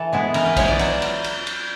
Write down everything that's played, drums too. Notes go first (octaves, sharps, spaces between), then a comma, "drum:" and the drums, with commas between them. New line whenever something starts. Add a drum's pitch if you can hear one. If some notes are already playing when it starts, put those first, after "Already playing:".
Already playing: E3 A4
G#3 B3 E4
E3 A#4, drum: cymbal
B4
G#3 B3 E4 C#5, drum: kick A#1, cymbal
D5
F#3, drum: cymbal
drum: cymbal
drum: cymbal
drum: cymbal